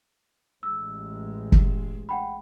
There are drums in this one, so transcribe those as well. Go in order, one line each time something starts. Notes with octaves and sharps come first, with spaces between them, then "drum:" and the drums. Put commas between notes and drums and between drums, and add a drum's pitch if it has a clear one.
A1 G#3 E6
drum: kick
F#5 G5 B5